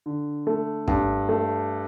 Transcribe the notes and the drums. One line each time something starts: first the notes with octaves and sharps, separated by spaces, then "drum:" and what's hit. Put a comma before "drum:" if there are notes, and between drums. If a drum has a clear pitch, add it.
D3
A3
G2, drum: kick
A3